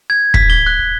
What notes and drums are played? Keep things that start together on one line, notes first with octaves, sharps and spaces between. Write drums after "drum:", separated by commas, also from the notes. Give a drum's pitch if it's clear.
G#6
B6, drum: kick
G7
F#6